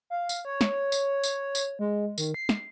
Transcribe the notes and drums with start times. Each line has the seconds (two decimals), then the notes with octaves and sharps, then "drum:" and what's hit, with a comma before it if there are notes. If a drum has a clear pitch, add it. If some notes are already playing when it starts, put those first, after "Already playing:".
0.10 F5
0.29 drum: tambourine
0.45 C#5
0.61 drum: snare
0.92 drum: tambourine
1.23 drum: tambourine
1.55 drum: tambourine
1.79 G#3
2.18 D#3, drum: tambourine
2.34 C7
2.49 drum: snare